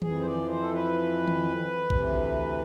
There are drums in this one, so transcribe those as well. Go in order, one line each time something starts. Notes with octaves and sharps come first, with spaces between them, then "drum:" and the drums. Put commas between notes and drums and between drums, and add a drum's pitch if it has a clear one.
F2 E3 G#4, drum: tom D#3
C5
D5
C5
A4
B4
drum: tom D#3
D2 C3 E3, drum: kick A#1